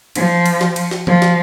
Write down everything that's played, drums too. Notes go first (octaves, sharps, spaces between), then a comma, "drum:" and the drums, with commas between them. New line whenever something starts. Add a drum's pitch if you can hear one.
F3, drum: cymbal
drum: cymbal
drum: snare
drum: cymbal
drum: snare
F3, drum: tom D#3
drum: snare